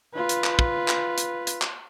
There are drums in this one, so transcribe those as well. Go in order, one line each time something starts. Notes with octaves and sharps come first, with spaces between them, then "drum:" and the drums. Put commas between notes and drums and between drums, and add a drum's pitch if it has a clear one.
F4 B4
drum: hi-hat
drum: clap
drum: kick
drum: clap
drum: hi-hat
drum: hi-hat
drum: clap